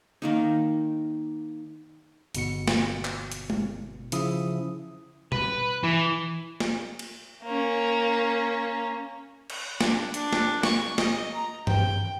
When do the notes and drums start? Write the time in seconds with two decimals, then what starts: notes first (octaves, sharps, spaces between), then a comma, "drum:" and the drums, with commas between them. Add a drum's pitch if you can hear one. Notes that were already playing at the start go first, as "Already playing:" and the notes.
0.22 D#3 A#3 D#4
2.35 G1 B2 C#7, drum: hi-hat
2.68 drum: snare
3.05 drum: clap
3.32 drum: hi-hat
3.50 drum: tom G#3
4.12 C#3 F3 E4 E5 D#6, drum: hi-hat
5.32 B4, drum: tom B2
5.84 E3
6.60 drum: snare
6.99 drum: cymbal
7.44 A#3 C#4
9.50 drum: cymbal
9.81 D4, drum: snare
10.14 D4, drum: hi-hat
10.33 drum: snare
10.63 C#6, drum: snare
10.98 D#5, drum: snare
11.33 A#5
11.67 G5, drum: tom G2